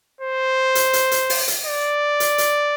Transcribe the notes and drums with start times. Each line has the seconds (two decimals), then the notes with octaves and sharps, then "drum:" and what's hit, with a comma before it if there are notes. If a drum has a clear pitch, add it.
0.21 C5
0.75 drum: hi-hat
0.93 drum: hi-hat
1.11 drum: hi-hat
1.30 drum: open hi-hat
1.48 drum: hi-hat
1.66 D5
2.20 drum: hi-hat
2.38 drum: hi-hat